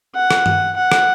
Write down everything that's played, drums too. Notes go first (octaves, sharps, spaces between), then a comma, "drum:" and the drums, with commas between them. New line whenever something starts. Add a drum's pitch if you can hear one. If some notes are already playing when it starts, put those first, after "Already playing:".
F#5
drum: rim click
drum: tom
F#5
drum: rim click